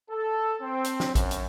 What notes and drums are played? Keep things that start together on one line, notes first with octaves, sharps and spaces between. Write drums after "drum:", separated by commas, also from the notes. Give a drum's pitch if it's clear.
A4
C4
drum: hi-hat
drum: snare
F#2, drum: kick, hi-hat
drum: hi-hat